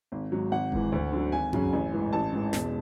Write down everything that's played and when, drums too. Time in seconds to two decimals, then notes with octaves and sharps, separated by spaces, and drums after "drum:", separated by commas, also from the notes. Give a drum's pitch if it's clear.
0.12 G#1
0.32 G#2 F#3
0.51 G#1 F#5
0.72 G#2 E3, drum: kick F1
0.92 D2
1.13 D3 F#3
1.32 G#1 G#5
1.53 F#2 C#3 F#3, drum: tom G2
1.73 A1
1.93 G#2 E3
2.13 A1 A5
2.33 G#2 E3
2.53 E1, drum: snare